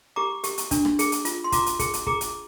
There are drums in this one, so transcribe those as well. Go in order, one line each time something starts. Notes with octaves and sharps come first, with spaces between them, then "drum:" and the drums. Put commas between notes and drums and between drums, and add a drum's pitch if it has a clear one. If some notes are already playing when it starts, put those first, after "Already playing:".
G4 A#5 D6
G4, drum: hi-hat
drum: hi-hat
D4, drum: kick, hi-hat
drum: rim click
G#4, drum: hi-hat
drum: hi-hat
F4, drum: hi-hat
C6
F4 A#5 D6, drum: kick, hi-hat
drum: hi-hat
G#4, drum: kick, hi-hat
drum: hi-hat
G#4 A#5 D6, drum: kick
drum: hi-hat